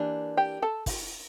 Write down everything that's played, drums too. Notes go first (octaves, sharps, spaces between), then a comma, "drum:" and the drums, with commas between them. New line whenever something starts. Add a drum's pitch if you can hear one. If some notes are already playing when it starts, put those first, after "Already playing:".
Already playing: E3 A#3 D4 G4
G4 G5
A4 A5
drum: kick, open hi-hat